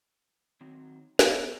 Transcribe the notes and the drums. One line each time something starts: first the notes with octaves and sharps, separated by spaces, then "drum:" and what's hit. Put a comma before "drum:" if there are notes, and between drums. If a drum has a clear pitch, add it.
D#3 F#3 C4
B3 G#4 C5 G#5, drum: snare